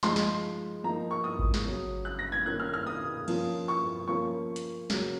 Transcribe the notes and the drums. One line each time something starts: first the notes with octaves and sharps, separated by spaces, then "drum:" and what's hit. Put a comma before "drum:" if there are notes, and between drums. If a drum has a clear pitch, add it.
F3 G#3 D#4 C6, drum: snare
drum: snare
F3 A#3 D#4 A#5
C#6
D#6
drum: kick G#1
drum: snare
C#3 F#3 C#4
F#6
A#6
G#6
D#3 A#3 C#4 F4 F#6
F6
F6
D#6
F3 A#3 C#4 F4, drum: cymbal
C#6
F3 A#3 C#4 F4 C#6
drum: hi-hat
C#3 F#3 A#3 C#4, drum: snare